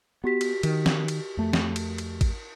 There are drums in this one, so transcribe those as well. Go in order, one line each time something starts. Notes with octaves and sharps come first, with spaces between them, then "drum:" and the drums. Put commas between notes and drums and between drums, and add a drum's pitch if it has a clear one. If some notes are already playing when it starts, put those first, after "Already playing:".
B3 F#4 G4 B6
drum: cymbal
D#3, drum: cymbal
drum: snare
drum: cymbal
F2 A3
drum: snare
drum: cymbal
drum: cymbal
drum: kick G#1, cymbal